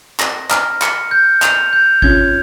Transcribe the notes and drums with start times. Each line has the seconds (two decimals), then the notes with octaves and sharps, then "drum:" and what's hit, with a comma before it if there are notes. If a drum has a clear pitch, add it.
0.20 A#6, drum: clap
0.51 F6, drum: clap
0.82 C#7, drum: clap
1.11 G6
1.42 F7, drum: clap
1.73 G6
2.02 C#4 F4 G#6, drum: kick G#1